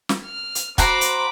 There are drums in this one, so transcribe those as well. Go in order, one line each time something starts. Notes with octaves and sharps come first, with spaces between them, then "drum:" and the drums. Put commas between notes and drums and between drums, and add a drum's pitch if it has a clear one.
drum: snare
F6
drum: hi-hat
F#4 C5 A#5 B5 D6, drum: kick, hi-hat
drum: hi-hat